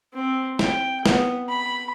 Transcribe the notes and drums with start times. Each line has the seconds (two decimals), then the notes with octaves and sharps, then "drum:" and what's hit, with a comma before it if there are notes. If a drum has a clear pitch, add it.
0.14 C4
0.59 G5, drum: snare
1.06 B3, drum: snare
1.49 B5